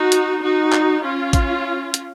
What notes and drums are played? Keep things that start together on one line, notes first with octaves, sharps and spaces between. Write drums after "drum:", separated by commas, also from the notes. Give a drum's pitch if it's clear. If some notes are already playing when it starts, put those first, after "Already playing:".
Already playing: D#4 F#4
drum: hi-hat
D#4 F#4
drum: clap
C#4 F4
drum: kick, hi-hat
drum: hi-hat